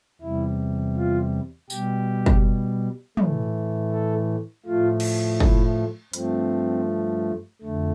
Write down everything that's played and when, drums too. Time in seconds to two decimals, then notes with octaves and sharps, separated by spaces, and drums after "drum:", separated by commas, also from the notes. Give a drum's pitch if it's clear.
0.21 E2 C3 G3 E4
0.96 F4
1.70 B2 G3 G4, drum: tambourine
2.26 drum: kick
3.17 A2 E3 A3, drum: tom
3.92 A4
4.65 A2 F3 A3 F4
5.00 drum: cymbal
5.40 E4, drum: kick
6.13 G2 F3 A3 C4, drum: hi-hat
7.62 F2 D3 A3